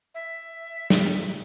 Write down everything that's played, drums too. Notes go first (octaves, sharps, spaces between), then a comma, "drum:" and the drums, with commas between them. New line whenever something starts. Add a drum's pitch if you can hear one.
E5
drum: snare